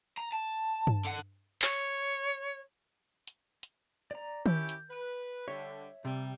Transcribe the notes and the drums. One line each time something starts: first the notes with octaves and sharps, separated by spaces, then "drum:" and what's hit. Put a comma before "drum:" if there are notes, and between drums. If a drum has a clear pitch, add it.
A#5
A5
drum: tom G2
D3 F#5
C#5, drum: clap
drum: hi-hat
drum: hi-hat
D5 A#5
C#4 E4 G4 G6, drum: tom D#3
drum: hi-hat
B4
D3 G3 C#5 E5
C3 G3